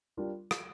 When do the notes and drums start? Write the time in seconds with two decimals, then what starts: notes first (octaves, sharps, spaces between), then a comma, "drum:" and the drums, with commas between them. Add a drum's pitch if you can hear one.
0.17 G3 D4 F4 A#4
0.51 drum: rim click